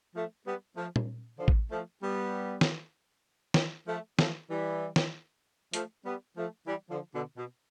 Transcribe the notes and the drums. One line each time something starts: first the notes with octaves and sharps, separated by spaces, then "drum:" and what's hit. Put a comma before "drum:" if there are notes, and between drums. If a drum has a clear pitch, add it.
F3 A3
G3 B3
F3 A3
drum: tom A#2
D3 F3
drum: kick A1
F3 A3
G3 B3
drum: snare
drum: snare
F3 A3
F3 A3, drum: snare
E3 G3
drum: snare
F3 A3, drum: hi-hat
G3 B3
F3 A3
E3 G3
D3 F3
B2 D3
B2